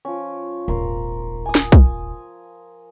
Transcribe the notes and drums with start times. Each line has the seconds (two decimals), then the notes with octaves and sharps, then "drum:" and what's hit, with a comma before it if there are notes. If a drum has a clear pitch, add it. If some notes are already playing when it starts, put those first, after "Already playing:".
0.05 F3 C#4
0.68 D#1 G#1 A#4 C6
1.46 G#5 D#6
1.55 drum: snare
1.72 drum: kick B1